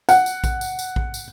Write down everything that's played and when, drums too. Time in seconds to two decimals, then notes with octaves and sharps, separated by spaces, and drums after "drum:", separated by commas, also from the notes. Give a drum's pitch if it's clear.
0.09 F#5, drum: tambourine
0.26 drum: tambourine
0.44 drum: kick A#1, tambourine
0.61 drum: tambourine
0.79 drum: tambourine
0.96 drum: kick A#1
1.14 drum: tambourine